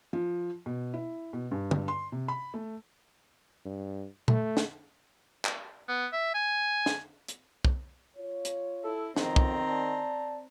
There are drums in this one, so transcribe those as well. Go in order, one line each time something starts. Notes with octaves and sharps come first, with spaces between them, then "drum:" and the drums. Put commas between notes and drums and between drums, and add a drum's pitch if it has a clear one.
F3
B2
E4
B2
G2
drum: tom
C6
C3
B5
A3
G2
A3, drum: tom A#2
drum: snare
drum: clap
B3
E5
G#5
drum: snare
drum: hi-hat
drum: kick
F4 C#5
drum: hi-hat
E4 A4
B1 F2 D#3 C4 A#5, drum: snare
drum: kick
D5 A5